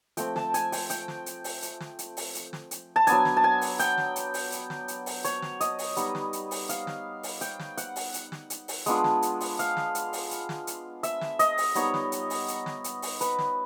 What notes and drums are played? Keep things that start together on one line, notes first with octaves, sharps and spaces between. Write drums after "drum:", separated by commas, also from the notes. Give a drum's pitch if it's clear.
F3 A3 C4 G5, drum: hi-hat
A5, drum: snare
G#5, drum: hi-hat
G5, drum: open hi-hat
G5, drum: hi-hat
drum: snare
drum: hi-hat
drum: open hi-hat
drum: hi-hat
drum: snare
drum: hi-hat
drum: open hi-hat
drum: hi-hat
drum: snare
drum: hi-hat
A5
F#3 B3 D4 G#5, drum: hi-hat
drum: snare
A5
G#5
drum: open hi-hat
G5, drum: hi-hat
drum: snare
drum: hi-hat
drum: open hi-hat
drum: hi-hat
drum: snare
drum: hi-hat
drum: open hi-hat
C#5, drum: hi-hat
drum: snare
D#5, drum: hi-hat
drum: open hi-hat
G3 B3 D#4, drum: hi-hat
drum: snare
drum: hi-hat
drum: open hi-hat
F5, drum: hi-hat
drum: snare
drum: open hi-hat
G5, drum: hi-hat
drum: snare
F#5, drum: hi-hat
drum: open hi-hat
drum: hi-hat
drum: snare
drum: hi-hat
drum: open hi-hat
G#3 B3 D4 F4, drum: hi-hat
drum: snare
drum: hi-hat
drum: open hi-hat
F5, drum: hi-hat
drum: snare
drum: hi-hat
drum: open hi-hat
drum: hi-hat
drum: snare
drum: hi-hat
E5, drum: hi-hat
drum: snare
D#5, drum: hi-hat
drum: open hi-hat
G3 B3 D#4 C#5, drum: hi-hat
drum: snare
drum: hi-hat
drum: open hi-hat
drum: hi-hat
drum: snare
drum: hi-hat
drum: open hi-hat
B4, drum: hi-hat
drum: snare